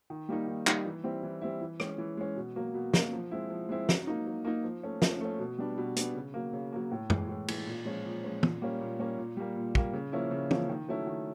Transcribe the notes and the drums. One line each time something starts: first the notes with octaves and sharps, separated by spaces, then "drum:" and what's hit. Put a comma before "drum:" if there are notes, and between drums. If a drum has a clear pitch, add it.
D#3
G3 A#3 D#4
D#3
G3 A#3 D#4, drum: clap
E3
G3 C4 E4
E3
G3 C4 E4
E3
G#3 C#4, drum: rim click
E3
G#3 C#4
B2
F#3 A#3
B2
F#3 A#3, drum: snare
F3
G#3 C4 E4
F3
G#3 C4 E4
F#3, drum: snare
A#3 D#4
F#3
A#3 D#4
F3
A3 C#4
F3, drum: snare
A3 C#4
B2
G3 B3 D4
B2
G3 B3 D4, drum: hi-hat
C#3
F#3 A#3
C#3
F#3 A#3
A2
E3 G#3, drum: tom F#2
A2
E3 G#3, drum: cymbal
A#2
F3 G#3 C#4
A#2
F3 G#3 C#4
A#2, drum: tom
G3 A#3 C#4
A#2
G3 A#3 C#4
A#2
G3 A#3
A#2
G3 A#3, drum: kick
C#3
F3 A#3 C#4 E4
C#3
F3 A#3 C#4 E4, drum: tom
D#3
F#3 A3 C#4 E4
D#3